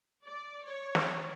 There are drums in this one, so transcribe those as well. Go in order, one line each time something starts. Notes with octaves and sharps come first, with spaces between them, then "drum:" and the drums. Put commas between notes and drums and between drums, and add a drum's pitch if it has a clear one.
D5
C#5
drum: snare